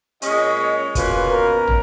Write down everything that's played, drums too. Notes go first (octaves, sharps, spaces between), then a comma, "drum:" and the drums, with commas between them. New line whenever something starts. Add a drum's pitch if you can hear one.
A#2 G#3 C#4 D#5, drum: hi-hat
C#5
B2 A#3 C#4 F4 B4, drum: kick, hi-hat
A#4
drum: tom